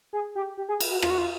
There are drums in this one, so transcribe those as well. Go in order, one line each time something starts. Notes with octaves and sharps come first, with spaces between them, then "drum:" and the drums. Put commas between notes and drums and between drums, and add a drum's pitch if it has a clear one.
G#4
G4
G4
G#4
drum: cymbal
F#4
F4, drum: rim click
F#4
F4